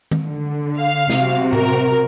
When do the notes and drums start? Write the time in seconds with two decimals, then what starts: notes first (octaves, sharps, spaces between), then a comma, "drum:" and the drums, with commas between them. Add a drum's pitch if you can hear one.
0.11 drum: tom D#3
0.25 D3
0.79 F5
1.10 C3 F#4, drum: snare
1.53 A#4, drum: tom A2